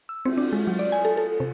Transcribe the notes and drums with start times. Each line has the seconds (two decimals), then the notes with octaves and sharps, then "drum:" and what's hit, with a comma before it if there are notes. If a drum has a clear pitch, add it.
0.09 E6
0.25 C4, drum: cymbal
0.37 D4
0.53 G#3
0.67 F#3
0.79 D5
0.92 G#5
1.05 A4
1.17 A4
1.40 C3